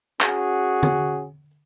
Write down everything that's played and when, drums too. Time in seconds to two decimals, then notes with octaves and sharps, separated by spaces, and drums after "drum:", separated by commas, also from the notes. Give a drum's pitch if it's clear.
0.20 C#4 F#4 G#4, drum: clap
0.83 drum: tom D3